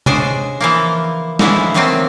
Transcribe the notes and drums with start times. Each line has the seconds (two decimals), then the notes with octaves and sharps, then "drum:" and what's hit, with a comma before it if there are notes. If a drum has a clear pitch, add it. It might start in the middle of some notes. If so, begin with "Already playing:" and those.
0.06 C#3 G#3 D4 C5 G#5, drum: tom C3
0.60 E3 F3 A#3
1.39 D3 E3 F3 G#3 D#4 E4, drum: snare
1.74 C3 D#3 F#3 A3 A#3 C4